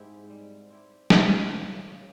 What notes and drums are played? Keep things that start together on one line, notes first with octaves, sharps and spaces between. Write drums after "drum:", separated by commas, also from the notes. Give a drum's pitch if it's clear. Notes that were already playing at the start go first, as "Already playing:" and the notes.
Already playing: G#2 G#3 C4 E4 G4
G3
C4 E4 G4
C#3, drum: snare
F3 A#3
C#3